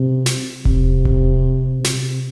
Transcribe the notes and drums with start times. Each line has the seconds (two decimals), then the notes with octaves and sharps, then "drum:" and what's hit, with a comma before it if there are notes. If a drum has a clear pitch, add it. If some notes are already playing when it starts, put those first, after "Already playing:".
Already playing: C3
0.26 drum: snare
0.65 C3, drum: kick E1
1.05 drum: kick E1
1.84 C3, drum: snare